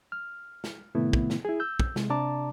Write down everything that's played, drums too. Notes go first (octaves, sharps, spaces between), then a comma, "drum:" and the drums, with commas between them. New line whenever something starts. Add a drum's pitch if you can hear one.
F6
drum: snare
A2 C3 D#3 A3 B3 E4
drum: kick
drum: snare
E4 G#4
E6 G6
drum: kick
C3 G#3, drum: snare
C3 D4 D5 A5 A#5 D6